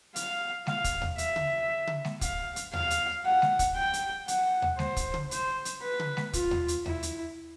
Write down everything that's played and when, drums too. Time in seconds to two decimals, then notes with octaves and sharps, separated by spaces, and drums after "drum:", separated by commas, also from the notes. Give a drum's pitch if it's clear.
0.16 F5, drum: hi-hat
0.67 F5, drum: snare
0.84 drum: kick, hi-hat
1.02 drum: tom D#2
1.18 E5, drum: hi-hat
1.36 drum: tom C#3
1.87 drum: tom C#3
2.05 drum: snare
2.21 F5, drum: kick, hi-hat
2.56 drum: hi-hat
2.73 F5, drum: tom D#2
2.90 drum: hi-hat
3.25 F#5
3.42 drum: snare
3.59 drum: kick, hi-hat
3.76 G5
3.93 drum: hi-hat
4.28 F#5, drum: hi-hat
4.62 drum: tom D#2
4.79 C5, drum: snare
4.97 drum: kick, hi-hat
5.14 drum: tom C#3
5.31 C5, drum: hi-hat
5.65 drum: hi-hat
5.83 B4
6.00 drum: tom C#3
6.17 drum: snare
6.33 F4, drum: kick, hi-hat
6.51 drum: tom D#2
6.68 drum: hi-hat
6.86 E4, drum: tom D#2
7.03 drum: hi-hat